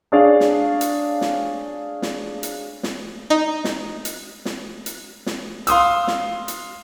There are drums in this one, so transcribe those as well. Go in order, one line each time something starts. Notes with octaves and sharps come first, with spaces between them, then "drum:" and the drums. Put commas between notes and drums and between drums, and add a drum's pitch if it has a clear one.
D4 G#4 C#5 D5 F5
drum: snare
drum: hi-hat
drum: snare
drum: snare
drum: hi-hat
drum: snare
D#4
drum: snare
drum: hi-hat
drum: snare
drum: hi-hat
drum: snare
F5 C6 D#6 E6, drum: hi-hat
drum: snare
drum: hi-hat